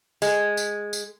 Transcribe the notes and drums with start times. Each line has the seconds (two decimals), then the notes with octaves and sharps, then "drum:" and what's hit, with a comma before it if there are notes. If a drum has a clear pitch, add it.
0.22 G#3, drum: tambourine
0.57 drum: tambourine
0.93 drum: tambourine